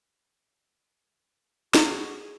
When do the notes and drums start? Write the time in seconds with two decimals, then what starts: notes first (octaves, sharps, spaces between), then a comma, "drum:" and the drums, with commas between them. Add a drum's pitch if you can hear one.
1.74 F#4 G#4, drum: snare